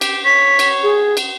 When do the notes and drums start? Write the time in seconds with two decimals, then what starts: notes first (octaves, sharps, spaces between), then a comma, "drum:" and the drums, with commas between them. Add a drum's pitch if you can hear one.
0.01 G4, drum: cymbal
0.25 C#5 B6
0.59 drum: cymbal
0.83 G#4
1.17 drum: cymbal